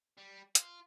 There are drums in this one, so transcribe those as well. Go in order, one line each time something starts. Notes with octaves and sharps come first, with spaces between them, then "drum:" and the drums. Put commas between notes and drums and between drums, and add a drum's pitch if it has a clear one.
G3
F4, drum: hi-hat